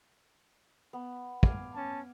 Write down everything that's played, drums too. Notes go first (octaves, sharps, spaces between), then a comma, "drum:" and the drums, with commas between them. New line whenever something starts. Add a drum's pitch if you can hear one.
B3
F5 G#5 D6, drum: kick
C#4 A5